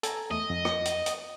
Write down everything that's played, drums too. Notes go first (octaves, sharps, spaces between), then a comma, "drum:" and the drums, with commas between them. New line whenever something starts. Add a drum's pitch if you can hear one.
A4 G#5 A#5, drum: hi-hat
E2 A3 D#5
F2
drum: rim click
drum: hi-hat
drum: hi-hat